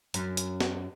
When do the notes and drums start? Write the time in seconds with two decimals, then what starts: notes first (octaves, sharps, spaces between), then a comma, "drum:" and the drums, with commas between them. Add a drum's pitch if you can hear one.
0.14 F#2, drum: hi-hat
0.37 drum: hi-hat
0.60 drum: snare